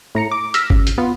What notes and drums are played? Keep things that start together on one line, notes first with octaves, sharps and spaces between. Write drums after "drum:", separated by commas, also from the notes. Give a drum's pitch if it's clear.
A2 A#5 C#7
D6
E6 F6 A#6 B6, drum: hi-hat
C#3, drum: kick
drum: hi-hat
B3 F4